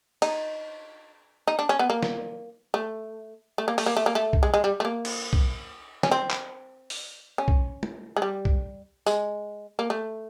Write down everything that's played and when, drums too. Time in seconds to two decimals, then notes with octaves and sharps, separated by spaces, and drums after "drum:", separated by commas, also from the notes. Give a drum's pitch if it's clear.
0.22 D#4, drum: cymbal
1.48 D#4
1.59 D4
1.69 C#4
1.79 B3
1.90 A#3
2.03 drum: snare
2.74 A3
3.58 A3
3.68 A#3
3.78 A3, drum: open hi-hat
3.86 A#3
3.97 A3
4.06 A#3
4.15 A3
4.33 drum: kick B1
4.43 G#3
4.54 G#3
4.64 G3
4.80 A3
4.85 A#3
5.05 drum: cymbal
5.33 drum: kick B1
6.03 C#4, drum: snare
6.11 C4
6.31 drum: clap
6.90 drum: open hi-hat
7.38 C#4
7.48 drum: kick B1
7.83 drum: tom
8.17 G#3
8.22 G3
8.45 drum: kick B1
9.06 G#3, drum: tambourine
9.79 A#3
9.90 A3